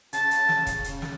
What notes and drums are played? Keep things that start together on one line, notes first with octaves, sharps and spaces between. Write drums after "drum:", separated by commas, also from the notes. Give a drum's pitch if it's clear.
C#3 A5, drum: hi-hat
drum: hi-hat
drum: snare
drum: kick D#1, hi-hat
drum: hi-hat
drum: snare